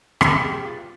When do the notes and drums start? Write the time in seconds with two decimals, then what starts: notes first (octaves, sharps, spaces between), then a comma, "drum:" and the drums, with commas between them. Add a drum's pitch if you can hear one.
0.21 B5, drum: rim click
0.41 G4 G#4
0.64 F4 B4 D5